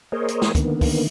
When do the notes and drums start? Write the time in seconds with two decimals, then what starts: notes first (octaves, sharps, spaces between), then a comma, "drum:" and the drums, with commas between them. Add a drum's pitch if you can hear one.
0.12 A#3 G#4 A#4 C5 C#5 D#5
0.28 drum: hi-hat
0.42 drum: snare
0.55 D3 D#3 A#3 B3, drum: kick, hi-hat
0.81 drum: kick, open hi-hat